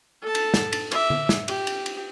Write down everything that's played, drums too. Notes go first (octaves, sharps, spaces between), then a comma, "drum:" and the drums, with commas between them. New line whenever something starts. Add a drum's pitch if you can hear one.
A4 A5
drum: cymbal
drum: snare
drum: cymbal
E5 D6, drum: cymbal
drum: tom D3
drum: snare
G4, drum: cymbal
drum: cymbal
drum: cymbal